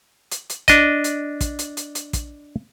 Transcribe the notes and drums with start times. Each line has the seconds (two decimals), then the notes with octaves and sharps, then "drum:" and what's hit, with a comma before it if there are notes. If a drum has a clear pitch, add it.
0.31 drum: hi-hat
0.50 drum: hi-hat
0.68 D4 D#5, drum: kick, hi-hat
1.04 drum: hi-hat
1.41 drum: kick, hi-hat
1.59 drum: hi-hat
1.77 drum: hi-hat
1.95 drum: hi-hat
2.13 drum: kick, hi-hat